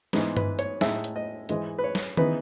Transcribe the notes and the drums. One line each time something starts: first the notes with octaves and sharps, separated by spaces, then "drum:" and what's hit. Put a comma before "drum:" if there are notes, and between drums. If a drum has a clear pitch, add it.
G#2 E3 G#3 B3 D#4 B4, drum: snare
B4, drum: tom G2
C#5, drum: hi-hat
A2 G#3 D#4 E5, drum: snare
drum: hi-hat
D#5
G#2 E3 G#3 D#5, drum: hi-hat
B4
C#5
drum: snare
C#3 E3 B3 D#4 B4, drum: tom D#3